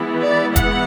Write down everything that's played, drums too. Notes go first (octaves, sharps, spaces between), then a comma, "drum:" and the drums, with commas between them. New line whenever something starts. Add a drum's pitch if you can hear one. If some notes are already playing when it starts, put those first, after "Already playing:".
Already playing: E3 G#3 B3 E4
D5
F#5, drum: kick F1, hi-hat